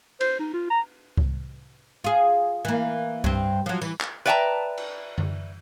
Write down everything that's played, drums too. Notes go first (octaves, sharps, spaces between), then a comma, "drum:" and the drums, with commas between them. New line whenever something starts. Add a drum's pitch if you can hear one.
C5, drum: cymbal
D#4
F4
A#5
drum: kick C2
F4 G#4
E3 A#3
G2 C4, drum: kick C2
F3 F#3
E3, drum: tambourine
drum: clap
B4 D5 E5 G5 A5 A#5
drum: cymbal
drum: tom F#2